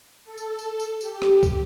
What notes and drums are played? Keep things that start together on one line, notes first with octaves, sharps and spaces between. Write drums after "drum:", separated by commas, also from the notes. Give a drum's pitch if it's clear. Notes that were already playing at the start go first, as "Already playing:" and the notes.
A4
drum: tambourine
drum: tambourine
drum: tambourine
G4, drum: tambourine
drum: rim click
drum: kick, tambourine